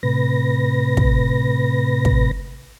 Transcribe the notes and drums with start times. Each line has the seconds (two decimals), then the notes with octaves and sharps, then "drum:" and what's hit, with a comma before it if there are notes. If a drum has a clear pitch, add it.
0.03 A2 C3 B4 A#6
0.97 drum: kick
2.05 drum: kick